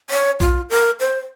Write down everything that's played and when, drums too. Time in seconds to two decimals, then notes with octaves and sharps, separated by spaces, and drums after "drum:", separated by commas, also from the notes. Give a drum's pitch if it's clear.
0.10 C#5
0.40 F4, drum: kick B1
0.70 A#4
1.00 C5